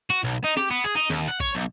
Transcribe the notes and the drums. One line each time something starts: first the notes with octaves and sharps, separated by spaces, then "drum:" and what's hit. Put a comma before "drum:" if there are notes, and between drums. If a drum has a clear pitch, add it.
F#4
B1
D#4
G4, drum: snare
B3
G#4
D#4
D#2, drum: snare
F#5
C#5, drum: kick A1
B1